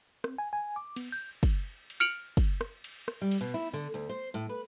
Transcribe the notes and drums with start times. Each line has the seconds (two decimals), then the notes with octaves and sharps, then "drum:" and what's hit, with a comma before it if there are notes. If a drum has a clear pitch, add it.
0.24 C4, drum: rim click
0.38 G#5
0.53 G#5
0.76 D6
0.96 B3, drum: cymbal
1.12 G6
1.43 drum: kick, cymbal
1.90 drum: cymbal
2.00 F6 C#7 D7 F7 F#7
2.37 drum: kick, cymbal
2.61 drum: rim click
2.84 drum: cymbal
3.08 drum: rim click
3.21 G3
3.31 drum: cymbal
3.41 B2
3.54 E4
3.73 D3
3.94 D2
4.09 C5
4.34 A2
4.49 B4